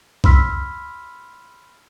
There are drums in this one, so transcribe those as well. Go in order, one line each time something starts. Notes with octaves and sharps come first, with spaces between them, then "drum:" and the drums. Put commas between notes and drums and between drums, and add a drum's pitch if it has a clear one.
B5 C6 E6 F6 B6, drum: kick